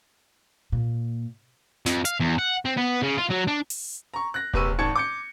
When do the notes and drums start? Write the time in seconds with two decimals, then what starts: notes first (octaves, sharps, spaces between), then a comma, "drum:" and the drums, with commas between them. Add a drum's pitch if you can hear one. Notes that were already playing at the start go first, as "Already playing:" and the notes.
0.72 A#2
1.86 F2, drum: snare
2.05 F5, drum: hi-hat
2.20 E2
2.38 F#5
2.65 C4
2.77 B3
3.03 C#3
3.18 F4
3.30 F#3
3.48 D4
3.70 drum: open hi-hat
4.14 A#5 C#6
4.34 F#6 A#6
4.54 F#1 C3 B4 C#6 E6 D#7, drum: kick D#1
4.79 G#1 D#3 A5 C#6 G#6 C#7
4.96 D6 G6 C#7